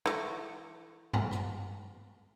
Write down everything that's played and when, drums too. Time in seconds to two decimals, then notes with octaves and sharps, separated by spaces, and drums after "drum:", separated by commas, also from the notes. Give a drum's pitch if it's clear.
0.06 E3 A3, drum: rim click
1.13 drum: tom G2
1.31 drum: rim click